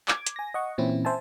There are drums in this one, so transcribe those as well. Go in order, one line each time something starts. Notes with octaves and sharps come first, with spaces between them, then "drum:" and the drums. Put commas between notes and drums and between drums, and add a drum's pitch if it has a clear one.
D6 G#6, drum: clap
drum: hi-hat
G#5 A#6
D#5 F#5 C#6
A#2 E3 C4 C#4 E4
C5 E5 G#5 A5